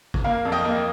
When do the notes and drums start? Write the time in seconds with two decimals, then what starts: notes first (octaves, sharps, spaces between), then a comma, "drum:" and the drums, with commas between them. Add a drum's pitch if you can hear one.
0.14 drum: kick
0.24 A#3 F5
0.45 F2
0.52 D#5 G5
0.65 A#3